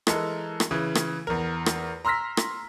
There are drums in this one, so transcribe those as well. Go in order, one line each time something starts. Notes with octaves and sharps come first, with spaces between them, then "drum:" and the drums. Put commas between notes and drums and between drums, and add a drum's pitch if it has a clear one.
E3 G#3 A4 A#4, drum: rim click
drum: rim click
C#3 E3
drum: rim click
E2 A#4
drum: rim click
A#5 C6 E6 F6 A#6 B6
drum: rim click